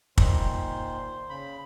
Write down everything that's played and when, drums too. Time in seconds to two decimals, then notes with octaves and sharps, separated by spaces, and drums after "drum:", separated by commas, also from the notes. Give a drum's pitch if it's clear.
0.18 A#2 D#3 C5, drum: kick
1.30 C#3 B5